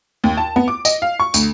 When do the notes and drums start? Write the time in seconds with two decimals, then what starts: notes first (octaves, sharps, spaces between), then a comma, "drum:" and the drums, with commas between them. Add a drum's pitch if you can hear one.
0.24 D#2
0.37 A5
0.56 B3
0.68 D6
0.85 D#5, drum: tambourine
1.02 F5
1.20 C#6
1.34 D2, drum: tambourine